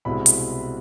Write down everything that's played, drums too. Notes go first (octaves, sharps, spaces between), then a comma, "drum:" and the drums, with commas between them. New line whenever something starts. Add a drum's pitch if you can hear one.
C2 B2 G#3 C4 E4 B5
drum: hi-hat